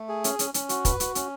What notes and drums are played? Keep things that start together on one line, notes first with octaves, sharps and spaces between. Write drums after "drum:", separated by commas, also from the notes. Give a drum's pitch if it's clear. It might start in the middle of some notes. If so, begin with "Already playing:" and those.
Already playing: A3
G#4
C#4, drum: hi-hat
C#4, drum: hi-hat
C#4, drum: hi-hat
F#4, drum: hi-hat
B4, drum: kick, hi-hat
F#4, drum: hi-hat
C#4, drum: hi-hat